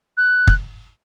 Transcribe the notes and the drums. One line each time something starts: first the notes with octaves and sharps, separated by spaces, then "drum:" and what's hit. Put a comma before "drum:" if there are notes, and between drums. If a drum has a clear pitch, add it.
F#6
drum: kick